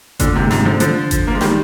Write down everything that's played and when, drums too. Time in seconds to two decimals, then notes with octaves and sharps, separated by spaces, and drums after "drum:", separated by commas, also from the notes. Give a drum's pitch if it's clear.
0.20 A#2 D3, drum: kick G1, hi-hat
0.36 G#2 C3
0.51 G#2 C3, drum: snare
0.65 D3 F3
0.80 D3 F3, drum: hi-hat
1.11 drum: kick G1, hi-hat
1.27 A#3
1.35 G#3
1.41 D#3 G3, drum: snare